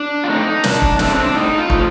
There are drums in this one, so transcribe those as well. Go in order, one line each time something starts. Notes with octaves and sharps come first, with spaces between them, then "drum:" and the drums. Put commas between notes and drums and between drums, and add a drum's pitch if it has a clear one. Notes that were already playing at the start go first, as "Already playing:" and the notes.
Already playing: D4
F4
A3 C4 D#4
A#2 D4, drum: snare
drum: kick
A3 C4 D4, drum: snare
C4
D4
A2 D#4
F4
F3 A3, drum: kick